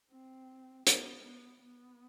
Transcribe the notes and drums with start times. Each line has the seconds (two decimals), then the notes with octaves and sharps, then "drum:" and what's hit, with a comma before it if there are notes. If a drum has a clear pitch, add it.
0.11 C4
0.87 B3, drum: hi-hat
1.23 B3
1.62 B3